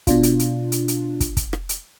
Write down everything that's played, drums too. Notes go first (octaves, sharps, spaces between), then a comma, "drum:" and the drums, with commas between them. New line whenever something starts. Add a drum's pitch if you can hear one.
B2 D4 F4, drum: kick, hi-hat
drum: hi-hat
drum: hi-hat
drum: hi-hat
drum: hi-hat
drum: kick, hi-hat
drum: kick, hi-hat
drum: rim click
drum: hi-hat